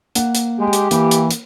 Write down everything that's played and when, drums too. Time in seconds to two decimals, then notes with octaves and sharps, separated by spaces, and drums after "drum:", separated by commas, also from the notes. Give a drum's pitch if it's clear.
0.15 A#3 F#5, drum: hi-hat
0.35 drum: hi-hat
0.60 G#3 G4
0.73 drum: hi-hat
0.91 E3 A#3, drum: hi-hat
1.11 drum: hi-hat
1.31 drum: hi-hat